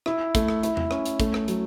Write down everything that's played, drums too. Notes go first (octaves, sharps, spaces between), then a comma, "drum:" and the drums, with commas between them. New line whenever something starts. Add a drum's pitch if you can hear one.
E4, drum: rim click
A3, drum: kick, hi-hat
drum: rim click
E4, drum: hi-hat
drum: tom E2
C#4, drum: rim click
drum: hi-hat
A3, drum: kick, hi-hat
drum: rim click
F#3, drum: hi-hat